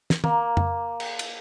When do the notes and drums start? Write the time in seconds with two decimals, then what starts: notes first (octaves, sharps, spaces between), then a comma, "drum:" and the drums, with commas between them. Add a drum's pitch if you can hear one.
0.10 drum: snare
0.24 A#3, drum: tom D#3
0.57 drum: tom F2
1.00 drum: cymbal
1.19 drum: cymbal